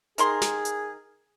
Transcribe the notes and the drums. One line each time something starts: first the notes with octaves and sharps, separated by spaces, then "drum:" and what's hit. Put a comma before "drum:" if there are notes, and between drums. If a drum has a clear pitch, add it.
D#3 G#4 A#4 C6, drum: hi-hat
drum: snare
drum: hi-hat